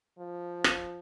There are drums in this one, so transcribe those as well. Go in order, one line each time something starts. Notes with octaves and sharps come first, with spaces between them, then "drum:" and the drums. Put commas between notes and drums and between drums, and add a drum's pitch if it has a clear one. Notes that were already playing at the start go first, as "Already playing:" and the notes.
F3
drum: rim click